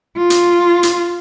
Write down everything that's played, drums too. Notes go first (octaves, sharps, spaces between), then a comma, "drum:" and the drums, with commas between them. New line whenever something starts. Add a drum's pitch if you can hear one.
F4
drum: hi-hat
drum: hi-hat